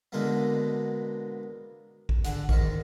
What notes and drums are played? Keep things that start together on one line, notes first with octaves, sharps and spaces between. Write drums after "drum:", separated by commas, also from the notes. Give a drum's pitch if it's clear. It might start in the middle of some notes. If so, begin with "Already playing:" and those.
B2 D3 G#3 A#3 B3
drum: kick A1
D3 G#4 F#5, drum: hi-hat
G#2 D#3 C#6, drum: kick A1